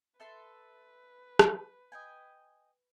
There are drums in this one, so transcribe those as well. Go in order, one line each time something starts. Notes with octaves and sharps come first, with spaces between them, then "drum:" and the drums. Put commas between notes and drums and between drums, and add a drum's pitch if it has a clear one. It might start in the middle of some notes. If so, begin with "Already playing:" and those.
A4 B4 E5 C6
drum: rim click
D#5 G5 G#5